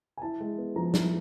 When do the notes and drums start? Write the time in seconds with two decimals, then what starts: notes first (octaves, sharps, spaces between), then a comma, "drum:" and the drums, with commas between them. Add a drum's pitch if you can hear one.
0.18 G#5
0.22 E4 A5
0.40 G#3
0.58 B3
0.76 F3 A#5
0.94 E4, drum: snare